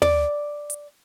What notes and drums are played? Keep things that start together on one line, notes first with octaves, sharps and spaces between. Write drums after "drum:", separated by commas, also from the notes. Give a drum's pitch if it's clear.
D5, drum: tom
drum: hi-hat